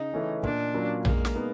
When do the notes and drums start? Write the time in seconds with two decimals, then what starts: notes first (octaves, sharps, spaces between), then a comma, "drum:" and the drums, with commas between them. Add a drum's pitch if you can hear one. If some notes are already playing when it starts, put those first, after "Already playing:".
Already playing: C#3 D#4
0.14 E3 A3 C#4
0.44 A#2 D4, drum: kick
0.74 F#3 A#3 C#4 F4
1.05 G#3 A#3, drum: tom A#1
1.25 drum: snare
1.35 B3 D#4